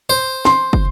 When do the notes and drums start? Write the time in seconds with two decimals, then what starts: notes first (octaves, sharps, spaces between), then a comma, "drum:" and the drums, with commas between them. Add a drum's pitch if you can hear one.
0.10 C5
0.45 C6, drum: snare
0.73 drum: kick